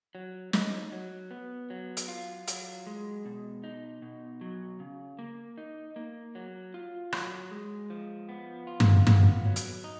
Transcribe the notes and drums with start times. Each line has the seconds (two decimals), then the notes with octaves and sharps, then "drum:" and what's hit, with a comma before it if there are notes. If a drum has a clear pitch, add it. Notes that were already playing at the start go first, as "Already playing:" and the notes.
0.15 F#3
0.53 D#4, drum: snare
0.92 F#3
1.31 B3
1.70 F#3
1.97 drum: hi-hat
2.08 F4
2.47 F#3, drum: hi-hat
2.87 G#3
3.25 B2
3.64 D#4
4.02 B2
4.41 F#3
4.80 C#3
5.19 A#3
5.58 D#4
5.96 A#3
6.35 F#3
6.74 F4
7.12 F#3, drum: rim click
7.51 G#3
7.90 F3
8.29 B3
8.67 F4
8.80 drum: tom G2
9.07 B3, drum: tom G2
9.45 F#3
9.56 drum: hi-hat
9.84 D#4